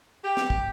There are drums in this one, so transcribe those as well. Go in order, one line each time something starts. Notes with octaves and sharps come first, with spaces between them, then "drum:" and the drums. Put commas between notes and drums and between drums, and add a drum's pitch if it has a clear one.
G4
drum: snare
drum: kick